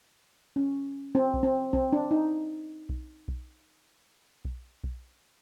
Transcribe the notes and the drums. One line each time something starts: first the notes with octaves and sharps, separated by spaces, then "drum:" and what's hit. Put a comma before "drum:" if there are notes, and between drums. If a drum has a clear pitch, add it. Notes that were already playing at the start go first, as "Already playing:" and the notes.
C#4
C4
drum: kick B1
C4
C4, drum: kick B1
D4
D#4
drum: kick B1
drum: kick B1
drum: kick B1
drum: kick B1